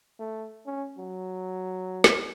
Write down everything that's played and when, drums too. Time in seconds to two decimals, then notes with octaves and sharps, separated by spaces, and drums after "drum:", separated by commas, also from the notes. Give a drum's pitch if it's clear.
0.19 A3
0.66 C#4
0.98 F#3
2.04 drum: snare